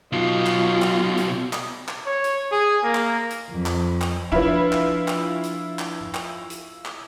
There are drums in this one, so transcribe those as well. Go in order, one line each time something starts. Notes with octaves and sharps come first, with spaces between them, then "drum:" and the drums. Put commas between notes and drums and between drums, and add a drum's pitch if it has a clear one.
B1 B2 F4
drum: clap
drum: clap
drum: hi-hat
drum: clap
drum: clap
C#5
drum: hi-hat
G#4
A#3
drum: clap
drum: hi-hat
F2
drum: clap
drum: clap
F3 D4 E4 F4 B4 B5
drum: clap
drum: clap
drum: hi-hat
drum: clap
drum: clap
drum: hi-hat
drum: clap